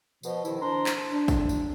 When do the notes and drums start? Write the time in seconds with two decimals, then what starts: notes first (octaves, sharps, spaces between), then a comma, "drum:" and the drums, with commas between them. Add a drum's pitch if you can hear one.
0.23 B2 F3, drum: tambourine
0.45 C3 D#3 F3 E4, drum: tambourine
0.60 C4 D4 A#5 C6
0.86 drum: clap
1.10 D4
1.28 drum: kick, tambourine
1.49 drum: tambourine